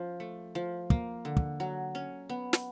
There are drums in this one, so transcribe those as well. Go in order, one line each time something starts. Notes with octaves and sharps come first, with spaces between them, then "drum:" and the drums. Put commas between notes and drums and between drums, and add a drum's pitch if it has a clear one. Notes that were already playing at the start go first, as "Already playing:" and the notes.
Already playing: F3 C#4
A3
F3
A#3, drum: kick
D3
drum: kick
F#3
C#4
B3
drum: snare